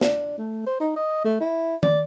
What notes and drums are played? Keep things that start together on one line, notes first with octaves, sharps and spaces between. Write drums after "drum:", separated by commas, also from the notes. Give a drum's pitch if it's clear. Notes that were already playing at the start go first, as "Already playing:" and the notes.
D4, drum: snare
A3
C5
D#4
D#5
A3
E4
D5, drum: tom D#3